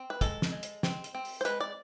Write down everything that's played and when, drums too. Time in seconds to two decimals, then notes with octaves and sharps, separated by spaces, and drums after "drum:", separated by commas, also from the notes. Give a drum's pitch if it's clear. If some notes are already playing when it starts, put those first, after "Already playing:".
Already playing: C4
0.10 B4
0.21 G#3 A4, drum: kick, hi-hat
0.42 drum: snare
0.52 G#3
0.63 drum: hi-hat
0.83 C4, drum: snare
1.04 drum: hi-hat
1.15 C4
1.25 drum: open hi-hat
1.41 C5
1.45 G#3 B4, drum: hi-hat
1.60 D5